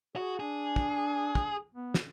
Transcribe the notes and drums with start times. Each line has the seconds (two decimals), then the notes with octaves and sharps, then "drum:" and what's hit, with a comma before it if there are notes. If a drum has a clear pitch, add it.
0.16 F#4 G#4
0.40 D4 G#4
0.76 drum: kick
1.35 drum: kick
1.75 B3
1.94 drum: snare